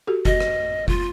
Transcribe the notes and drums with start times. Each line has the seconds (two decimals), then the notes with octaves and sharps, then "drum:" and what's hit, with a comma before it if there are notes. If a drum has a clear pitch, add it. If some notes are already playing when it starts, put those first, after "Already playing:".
0.07 F#4 G4 A4
0.25 F#4 D#5, drum: kick F#1
0.40 drum: rim click
0.88 F4, drum: kick F#1